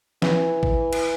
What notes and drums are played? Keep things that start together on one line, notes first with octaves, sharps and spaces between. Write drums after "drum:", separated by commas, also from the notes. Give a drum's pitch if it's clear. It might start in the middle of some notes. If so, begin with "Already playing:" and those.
E3, drum: snare
drum: kick
drum: cymbal